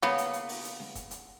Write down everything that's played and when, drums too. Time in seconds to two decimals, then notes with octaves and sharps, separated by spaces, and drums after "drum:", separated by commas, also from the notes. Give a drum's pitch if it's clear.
0.02 C#3 A#3 B3, drum: snare C#4
0.18 drum: hi-hat
0.33 drum: hi-hat
0.49 drum: open hi-hat
0.64 drum: hi-hat
0.80 drum: snare C#4
0.95 drum: kick, hi-hat
1.11 drum: hi-hat